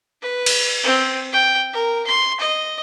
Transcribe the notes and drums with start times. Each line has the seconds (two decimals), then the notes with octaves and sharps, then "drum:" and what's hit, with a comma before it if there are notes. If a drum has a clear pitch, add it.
0.22 B4
0.46 drum: cymbal
0.84 C4
1.32 G5
1.73 A#4
2.07 C6
2.40 D#5